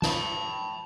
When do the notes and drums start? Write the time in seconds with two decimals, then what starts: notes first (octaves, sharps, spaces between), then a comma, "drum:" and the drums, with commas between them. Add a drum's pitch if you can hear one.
0.02 A5 B5, drum: snare